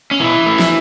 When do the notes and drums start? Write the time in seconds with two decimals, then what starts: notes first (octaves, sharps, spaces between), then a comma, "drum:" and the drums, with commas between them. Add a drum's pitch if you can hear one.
0.11 C#4
0.20 B2 E3 E4
0.46 A3
0.59 drum: snare